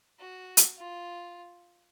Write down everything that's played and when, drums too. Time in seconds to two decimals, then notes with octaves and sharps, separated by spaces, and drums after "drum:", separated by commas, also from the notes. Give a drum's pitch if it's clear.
0.20 F#4
0.57 drum: hi-hat
0.78 F4